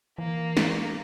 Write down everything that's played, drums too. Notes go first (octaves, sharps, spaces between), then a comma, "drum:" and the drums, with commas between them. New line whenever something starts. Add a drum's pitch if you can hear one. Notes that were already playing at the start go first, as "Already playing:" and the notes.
E3 A#3
drum: snare